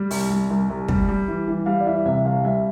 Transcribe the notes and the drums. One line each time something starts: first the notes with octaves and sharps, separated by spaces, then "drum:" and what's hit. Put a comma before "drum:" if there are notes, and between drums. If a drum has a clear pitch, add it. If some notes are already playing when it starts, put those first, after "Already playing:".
Already playing: G3
C2, drum: open hi-hat
G3
C2
C2
G3, drum: kick
G3
E3
E3
G3 F5
D5
E3 E5
C3 E5
C2 F5
G3 E5